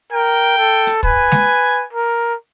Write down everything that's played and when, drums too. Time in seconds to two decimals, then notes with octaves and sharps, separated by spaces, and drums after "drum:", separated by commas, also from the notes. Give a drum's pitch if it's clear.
0.12 A#4 G5
0.58 A4
0.87 drum: hi-hat
1.03 B4 G#5, drum: kick
1.32 drum: snare G#3
1.93 A#4